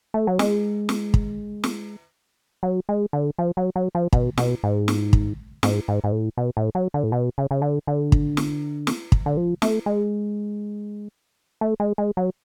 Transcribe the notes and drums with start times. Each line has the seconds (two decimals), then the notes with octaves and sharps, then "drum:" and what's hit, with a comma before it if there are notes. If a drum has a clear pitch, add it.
0.14 A3
0.27 F#3
0.39 G#3, drum: snare
0.89 drum: snare
1.14 drum: kick
1.64 drum: snare
2.63 F#3
2.89 G#3
3.13 D3
3.39 F3
3.57 F#3
3.76 F#3
3.95 F3
4.13 B2, drum: kick
4.38 B2, drum: snare
4.63 G#2
4.88 drum: snare
5.13 drum: kick
5.63 G#2, drum: snare
5.88 G#2
6.04 G#2
6.12 A2
6.37 B2
6.57 A2
6.75 F#3
6.94 D3
7.03 A2
7.12 B2
7.38 C#3
7.51 C#3
7.62 D3
7.87 D3
8.12 drum: kick
8.37 drum: snare
8.87 drum: snare
9.12 drum: kick
9.26 D3
9.37 F3
9.62 A3, drum: snare
9.86 G#3
11.61 A3
11.80 G#3
11.98 G#3
12.17 F#3